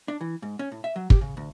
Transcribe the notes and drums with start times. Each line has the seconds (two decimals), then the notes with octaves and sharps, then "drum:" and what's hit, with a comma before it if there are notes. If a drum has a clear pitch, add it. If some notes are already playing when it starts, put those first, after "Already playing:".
0.08 D4
0.21 E3
0.42 G#2
0.59 C#4
0.72 A2
0.84 E5
0.96 F#3
1.10 G4, drum: kick
1.21 C#3
1.37 D2